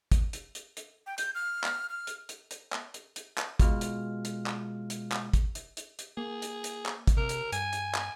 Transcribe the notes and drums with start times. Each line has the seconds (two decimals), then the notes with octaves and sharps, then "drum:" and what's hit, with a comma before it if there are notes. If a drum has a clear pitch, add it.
0.12 drum: kick, hi-hat
0.33 drum: hi-hat
0.55 drum: hi-hat
0.77 drum: hi-hat
1.07 G5
1.18 G6, drum: hi-hat
1.35 F6
1.64 drum: clap
1.89 F6
2.07 drum: hi-hat
2.29 drum: hi-hat
2.51 drum: hi-hat
2.73 drum: clap
2.94 drum: hi-hat
3.16 drum: hi-hat
3.38 drum: clap
3.60 B2 G#3 F4 F6, drum: kick, hi-hat
3.81 drum: hi-hat
4.25 drum: hi-hat
4.47 drum: clap
4.90 drum: hi-hat
5.12 drum: clap
5.34 drum: kick, hi-hat
5.55 drum: hi-hat
5.77 drum: hi-hat
5.99 drum: hi-hat
6.17 A#3 G#4
6.42 drum: hi-hat
6.64 drum: hi-hat
6.86 drum: clap
7.07 drum: kick, hi-hat
7.17 C3 A#4
7.29 drum: hi-hat
7.52 G2 G#5, drum: hi-hat
7.73 drum: hi-hat
7.94 drum: clap